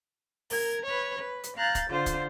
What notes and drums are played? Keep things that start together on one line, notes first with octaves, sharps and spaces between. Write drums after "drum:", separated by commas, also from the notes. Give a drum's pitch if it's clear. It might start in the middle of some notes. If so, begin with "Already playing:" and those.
A#4 G#6, drum: open hi-hat
B4 C#5
B4
drum: hi-hat
F5 A#5 F#6 G6 A6
drum: kick, hi-hat
D3 F4 C5
drum: kick, hi-hat